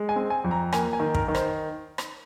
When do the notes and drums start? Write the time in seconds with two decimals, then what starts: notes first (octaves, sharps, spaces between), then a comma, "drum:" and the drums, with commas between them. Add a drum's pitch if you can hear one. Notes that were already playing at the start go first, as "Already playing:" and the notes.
Already playing: G#3
0.09 G#5
0.16 C4
0.30 G#5
0.44 F2
0.51 A#5
0.72 A#3 G#5, drum: rim click
0.93 G#5
1.00 D#3
1.14 A#4, drum: kick
1.28 D#3
1.35 C5, drum: rim click
1.98 drum: rim click